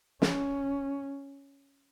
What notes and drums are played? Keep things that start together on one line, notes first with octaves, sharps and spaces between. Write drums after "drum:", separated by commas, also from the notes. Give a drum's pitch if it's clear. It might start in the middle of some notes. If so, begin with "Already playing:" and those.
C#4, drum: snare